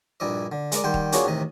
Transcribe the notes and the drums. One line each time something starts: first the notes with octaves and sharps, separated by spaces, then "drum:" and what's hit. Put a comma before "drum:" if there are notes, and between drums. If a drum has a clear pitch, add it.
A#1 G2 E4 D5 D#5
D3
G#3 A#4 D5, drum: hi-hat
D#3 G3 F#5 G5 C6
drum: kick
A#3 C#4 D4 F4 F#4 G#4, drum: hi-hat
A1 D#2 C3 D#5